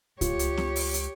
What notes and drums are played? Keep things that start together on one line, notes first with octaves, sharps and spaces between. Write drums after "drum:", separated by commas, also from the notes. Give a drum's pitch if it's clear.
C#2 F4 G4 C#5, drum: kick C2, hi-hat
drum: hi-hat
drum: snare
drum: open hi-hat
drum: hi-hat